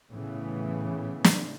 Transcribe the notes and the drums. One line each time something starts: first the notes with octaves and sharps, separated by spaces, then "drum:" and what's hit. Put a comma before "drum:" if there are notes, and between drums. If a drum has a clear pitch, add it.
A2 C#3 E3 B3
drum: snare